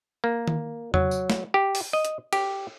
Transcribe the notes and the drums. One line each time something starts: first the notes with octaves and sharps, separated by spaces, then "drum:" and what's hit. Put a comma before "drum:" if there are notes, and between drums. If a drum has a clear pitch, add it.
A#3
drum: tom D#3
F#3, drum: tom E2
drum: tambourine
drum: snare
G4
drum: open hi-hat
D#5
drum: hi-hat
G4, drum: cymbal